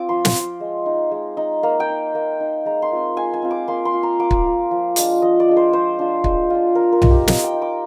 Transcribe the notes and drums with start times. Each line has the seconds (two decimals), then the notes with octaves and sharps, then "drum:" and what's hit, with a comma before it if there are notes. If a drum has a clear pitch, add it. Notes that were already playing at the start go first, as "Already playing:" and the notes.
Already playing: C4 F4 D6
0.09 F3 C6
0.25 drum: snare
0.35 C4 F4
0.60 G#3
0.86 D#4
1.11 G#3
1.37 D#4
1.63 A#3 A#5
1.80 G5
1.89 D#4
2.15 A#3
2.40 D#4
2.66 G#3 A#5
2.82 C6
2.92 C4 F4
3.17 G#3 G#5
3.33 G#5
3.42 C4 F4
3.51 D6
3.68 A#3 C6
3.85 C6
3.93 F4
4.03 A#5
4.19 A#3 D6
4.31 drum: kick
4.46 F4
4.71 F3
4.96 G#3 D4 F4, drum: hi-hat
5.22 F3 D#5
5.40 D5
5.48 G#3 D4 F4
5.57 C5
5.73 G#3 C5
5.99 D4 F4
6.24 G#3, drum: kick
6.50 D4 F4
6.75 A#3 A#4
6.92 A#4
7.02 D#4, drum: tom B1
7.11 G4
7.28 A#3 D#5, drum: snare
7.44 G5
7.53 D#4
7.62 D6